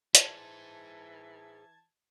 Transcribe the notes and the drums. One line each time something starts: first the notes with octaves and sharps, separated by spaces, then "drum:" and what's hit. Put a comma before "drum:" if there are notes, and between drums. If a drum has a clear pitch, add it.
E3 G#4 C5 A5 G#6, drum: hi-hat